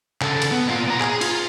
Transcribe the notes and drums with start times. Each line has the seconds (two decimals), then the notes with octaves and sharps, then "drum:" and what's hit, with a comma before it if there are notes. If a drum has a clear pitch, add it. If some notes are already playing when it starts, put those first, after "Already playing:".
0.21 C#3 A4, drum: clap
0.42 drum: cymbal
0.51 B3
0.67 A#2 F4
0.88 B3 A#5
1.00 G#4, drum: clap
1.21 F4, drum: cymbal